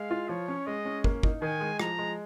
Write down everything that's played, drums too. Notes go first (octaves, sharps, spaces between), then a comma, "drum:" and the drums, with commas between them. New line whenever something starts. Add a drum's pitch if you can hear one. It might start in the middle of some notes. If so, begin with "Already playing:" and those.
Already playing: G#3 F5
F4
F3 C#5
C#4
G#3 D#5
C#4
A#3, drum: kick
D#4, drum: kick
D#3 G#5
G#3
F3 A#5, drum: rim click
G#3